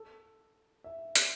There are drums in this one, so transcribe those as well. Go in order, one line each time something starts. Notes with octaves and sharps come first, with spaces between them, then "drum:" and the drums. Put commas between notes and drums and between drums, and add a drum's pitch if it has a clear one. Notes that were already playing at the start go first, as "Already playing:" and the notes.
Already playing: A4
E5
drum: hi-hat